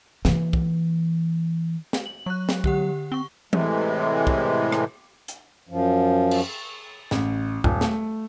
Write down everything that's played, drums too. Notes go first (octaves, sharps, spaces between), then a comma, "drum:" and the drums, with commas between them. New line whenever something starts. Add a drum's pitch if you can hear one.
E3 A#3, drum: snare
drum: kick
drum: snare
F#7
F#3 C#6 F#6
drum: snare
D3 G4 F#5, drum: kick
C4 C#6 G7
A2 C3 E3 G#3, drum: tom E3
drum: kick
drum: rim click
drum: hi-hat
F#2 F3
drum: cymbal
A1, drum: snare
D#1, drum: kick
A3, drum: snare